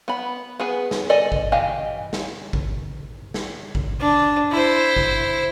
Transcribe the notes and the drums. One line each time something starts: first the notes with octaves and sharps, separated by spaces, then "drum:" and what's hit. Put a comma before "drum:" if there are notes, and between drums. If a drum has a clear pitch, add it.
B3 B5
B3 G#4 B4
drum: snare
A4 D5 D#5 G#5
drum: kick A1
E3 G4 D#5 F5 G#5
drum: snare
drum: kick A1
drum: snare
drum: kick A1
D4
E4 C5
drum: kick A1